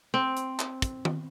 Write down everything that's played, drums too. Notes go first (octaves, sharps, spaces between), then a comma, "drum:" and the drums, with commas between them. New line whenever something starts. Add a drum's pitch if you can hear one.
C4
drum: hi-hat
drum: clap
drum: kick, hi-hat
drum: tom D#3